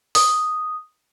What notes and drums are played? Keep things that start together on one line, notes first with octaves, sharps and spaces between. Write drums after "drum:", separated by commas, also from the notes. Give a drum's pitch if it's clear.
D#6, drum: open hi-hat